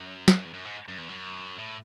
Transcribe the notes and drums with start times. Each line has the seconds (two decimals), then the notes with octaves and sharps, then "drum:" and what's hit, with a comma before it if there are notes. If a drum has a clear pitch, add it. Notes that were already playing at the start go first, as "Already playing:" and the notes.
Already playing: F#2
0.28 drum: snare
0.45 E2
0.53 F#2
0.65 G#2
0.88 F#2
0.98 E2
1.09 F#2
1.59 A2